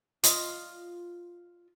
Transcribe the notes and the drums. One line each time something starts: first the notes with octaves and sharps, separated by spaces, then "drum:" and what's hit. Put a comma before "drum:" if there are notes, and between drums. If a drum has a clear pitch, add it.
F4 D#5, drum: hi-hat